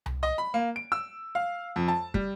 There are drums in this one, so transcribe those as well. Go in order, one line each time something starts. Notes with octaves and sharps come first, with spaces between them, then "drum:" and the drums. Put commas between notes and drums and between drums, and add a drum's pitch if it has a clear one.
drum: tom C2
D#5
B5
A#3
D7
E6
F5
F2
A5
G3, drum: kick